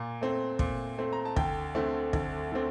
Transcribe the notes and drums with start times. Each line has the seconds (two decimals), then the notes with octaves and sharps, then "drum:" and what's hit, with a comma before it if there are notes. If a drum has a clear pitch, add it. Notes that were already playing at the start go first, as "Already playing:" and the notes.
Already playing: A#2 A#5
0.21 A3 C4
0.59 A#2, drum: kick
0.98 A3 C4
1.13 A#5
1.25 A5
1.36 D2 G5, drum: kick
1.75 D3 A3 C4
2.13 D2, drum: kick
2.52 D3 A3 C4